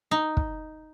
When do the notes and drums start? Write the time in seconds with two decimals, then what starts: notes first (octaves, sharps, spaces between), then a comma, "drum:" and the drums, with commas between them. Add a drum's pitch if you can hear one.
0.11 D#4
0.37 drum: kick